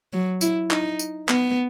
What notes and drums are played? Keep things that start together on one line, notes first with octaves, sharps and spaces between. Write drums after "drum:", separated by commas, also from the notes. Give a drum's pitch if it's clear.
F#3
E4, drum: tambourine
D#4, drum: clap
drum: tambourine
B3, drum: clap